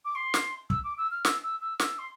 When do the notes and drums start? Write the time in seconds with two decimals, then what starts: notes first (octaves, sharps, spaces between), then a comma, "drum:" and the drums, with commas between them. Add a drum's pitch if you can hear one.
0.05 D6
0.15 C6
0.34 drum: snare
0.70 E6, drum: kick
0.84 D6
0.98 E6
1.11 F6
1.25 E6, drum: snare
1.43 E6
1.61 E6
1.79 E6, drum: snare
1.99 C6